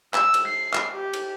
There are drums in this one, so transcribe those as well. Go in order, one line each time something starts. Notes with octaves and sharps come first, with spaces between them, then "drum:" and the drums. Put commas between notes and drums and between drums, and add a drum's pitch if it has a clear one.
E6, drum: clap
drum: cymbal
C7
drum: clap
G4
drum: cymbal